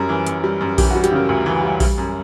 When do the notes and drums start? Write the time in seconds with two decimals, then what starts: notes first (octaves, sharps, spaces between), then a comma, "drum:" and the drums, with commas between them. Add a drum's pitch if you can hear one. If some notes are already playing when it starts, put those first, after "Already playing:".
Already playing: F#2 G3 A#4
0.09 E3
0.27 F#2, drum: hi-hat
0.44 G3
0.61 F#2
0.78 E3 G4, drum: kick A#1, open hi-hat
0.91 F#4
0.95 G3
1.04 G4, drum: hi-hat
1.12 C#3 A#4
1.29 D2
1.46 E3
1.63 G3
1.80 G3, drum: kick A#1, open hi-hat
1.98 F#2